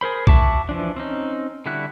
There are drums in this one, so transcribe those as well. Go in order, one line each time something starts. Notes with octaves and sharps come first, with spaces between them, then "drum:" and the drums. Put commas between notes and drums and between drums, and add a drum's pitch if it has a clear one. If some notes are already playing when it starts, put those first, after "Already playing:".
G#4 A#4 C5 B5
F#4 E5 A5 C#6 D6, drum: kick B1
E3 F3 D4
C4 C#4 D#4
D3 G3 E4 F#4 F#6